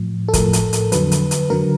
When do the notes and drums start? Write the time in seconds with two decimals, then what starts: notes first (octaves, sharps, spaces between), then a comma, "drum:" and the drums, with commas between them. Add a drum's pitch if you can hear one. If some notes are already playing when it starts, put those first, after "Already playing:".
Already playing: A2 F3
0.28 A4
0.33 A2 F3 A#4, drum: kick, hi-hat
0.53 drum: hi-hat
0.73 drum: hi-hat
0.92 F2 D3 F#3 B4, drum: hi-hat
1.11 drum: hi-hat
1.31 drum: hi-hat
1.50 D3 F#3 A#4